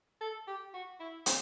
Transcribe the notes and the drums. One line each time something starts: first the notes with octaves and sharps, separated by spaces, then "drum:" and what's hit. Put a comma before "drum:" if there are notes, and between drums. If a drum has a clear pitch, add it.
A4
G4
F#4
E4
C4, drum: hi-hat